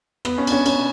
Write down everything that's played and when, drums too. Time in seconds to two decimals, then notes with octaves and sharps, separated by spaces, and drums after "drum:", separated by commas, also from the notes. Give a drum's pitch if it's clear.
0.25 B3, drum: rim click
0.38 C#4
0.47 D4, drum: cymbal
0.52 C#4
0.66 C#4, drum: cymbal